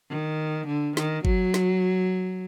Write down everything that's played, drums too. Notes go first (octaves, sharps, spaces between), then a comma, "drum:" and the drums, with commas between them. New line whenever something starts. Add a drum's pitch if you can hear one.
D#3
D3
D#3, drum: snare
F#3, drum: kick G1
drum: snare